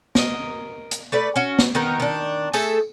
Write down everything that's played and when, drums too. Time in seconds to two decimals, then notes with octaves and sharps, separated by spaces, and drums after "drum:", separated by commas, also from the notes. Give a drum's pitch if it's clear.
0.15 A#4 D#5, drum: snare
0.91 drum: hi-hat
1.12 A3 B4 D5
1.36 C#4 F#4
1.59 drum: snare
1.75 D#3 B3 D#4 A#4
2.00 D#3 D4
2.53 A3 G#4 A4 E5, drum: tambourine